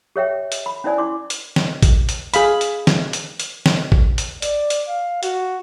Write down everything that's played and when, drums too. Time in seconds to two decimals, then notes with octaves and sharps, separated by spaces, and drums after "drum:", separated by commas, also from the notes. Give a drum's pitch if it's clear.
0.16 G4 C#5 E5 G5
0.52 drum: hi-hat
0.66 B5
0.84 C#4 E4 C5 D5 G#5
0.98 E4 C6 D6
1.30 drum: hi-hat
1.56 drum: snare
1.83 drum: kick, hi-hat
2.09 drum: hi-hat
2.34 G#4 F5 B5, drum: hi-hat
2.61 drum: hi-hat
2.87 drum: snare
3.13 drum: hi-hat
3.40 drum: hi-hat
3.66 drum: snare
3.92 drum: kick
4.18 drum: hi-hat
4.42 D5, drum: hi-hat
4.70 drum: hi-hat
4.88 F5
5.23 F#4, drum: hi-hat